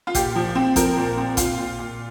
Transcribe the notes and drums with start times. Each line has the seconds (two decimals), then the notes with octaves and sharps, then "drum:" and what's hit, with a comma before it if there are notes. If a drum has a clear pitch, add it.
0.07 F4
0.15 A#2 G4, drum: kick A1, hi-hat
0.36 F3
0.55 C4
0.76 F3 A#4, drum: kick A1, hi-hat
0.97 A#2
1.17 C4
1.37 A#2 F4, drum: kick A1, hi-hat
1.57 A#2
1.78 A#2